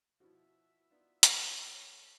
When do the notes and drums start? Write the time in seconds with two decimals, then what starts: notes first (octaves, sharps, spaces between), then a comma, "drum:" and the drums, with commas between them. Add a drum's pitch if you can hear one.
0.20 B2 F3 E4 F#4 E5
0.91 B3 D#4 F4 D5
1.23 drum: hi-hat
1.47 A3 A#4 C#5